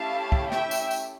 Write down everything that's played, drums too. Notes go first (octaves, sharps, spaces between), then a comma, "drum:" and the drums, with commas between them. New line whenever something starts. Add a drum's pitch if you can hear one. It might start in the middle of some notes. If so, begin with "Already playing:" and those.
Already playing: A3 C#4 E4 G4 F5 A5
drum: kick
E5 G5, drum: snare
drum: tambourine
drum: tambourine